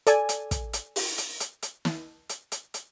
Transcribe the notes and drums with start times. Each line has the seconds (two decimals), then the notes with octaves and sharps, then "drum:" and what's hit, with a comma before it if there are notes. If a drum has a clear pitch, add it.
0.07 A4 D5 G#5, drum: hi-hat
0.29 drum: hi-hat
0.51 drum: kick, hi-hat
0.73 drum: hi-hat
0.96 drum: open hi-hat
1.18 drum: hi-hat
1.40 drum: hi-hat
1.63 drum: hi-hat
1.85 drum: snare
2.30 drum: hi-hat
2.52 drum: hi-hat
2.74 drum: hi-hat